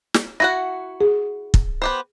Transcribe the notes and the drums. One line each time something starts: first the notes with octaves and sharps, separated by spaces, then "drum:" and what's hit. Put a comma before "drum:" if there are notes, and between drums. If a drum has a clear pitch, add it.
drum: snare
E4 F#4 F#5 A#6
G#4
drum: kick
B3 G4 C5